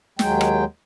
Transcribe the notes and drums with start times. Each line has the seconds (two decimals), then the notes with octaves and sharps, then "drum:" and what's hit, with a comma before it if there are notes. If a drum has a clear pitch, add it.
0.19 D#2 F#3 G#3 G5, drum: snare
0.41 drum: rim click